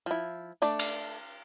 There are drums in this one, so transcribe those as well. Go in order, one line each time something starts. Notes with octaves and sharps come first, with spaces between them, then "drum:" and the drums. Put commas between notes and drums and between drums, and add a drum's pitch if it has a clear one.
F3 E4
A3 D4 D5
drum: cymbal